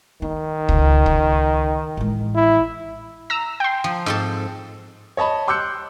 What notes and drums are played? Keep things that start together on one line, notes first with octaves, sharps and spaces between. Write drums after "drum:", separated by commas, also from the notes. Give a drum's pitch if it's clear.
D#3 D#4
C#2, drum: kick
drum: kick
A1 G#3
E4
A#5 E6
G5 C6
F3
G#2 C4 A4
C#5 D#5 A5 B5
C6 D6 E6 F#6 G6 C#7